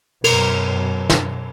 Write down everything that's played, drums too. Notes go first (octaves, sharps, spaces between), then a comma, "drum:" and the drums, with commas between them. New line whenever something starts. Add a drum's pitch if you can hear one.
F#2 B2 A#4, drum: cymbal
drum: snare